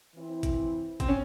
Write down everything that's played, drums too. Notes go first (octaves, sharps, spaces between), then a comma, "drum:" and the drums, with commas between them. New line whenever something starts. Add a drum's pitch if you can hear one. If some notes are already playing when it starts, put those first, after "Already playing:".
E3 C4 E4 C5
drum: kick, hi-hat
C4, drum: kick, hi-hat
C#4